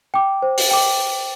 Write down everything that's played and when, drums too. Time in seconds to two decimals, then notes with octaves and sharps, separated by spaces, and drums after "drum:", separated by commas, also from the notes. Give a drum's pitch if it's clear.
0.14 G5 D6
0.42 C5
0.58 drum: open hi-hat
0.71 G5 D6